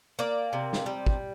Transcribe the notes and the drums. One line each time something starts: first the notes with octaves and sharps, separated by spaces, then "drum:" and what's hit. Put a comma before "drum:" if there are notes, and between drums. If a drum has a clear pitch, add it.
A#3 D5
C3
drum: snare
G3
drum: kick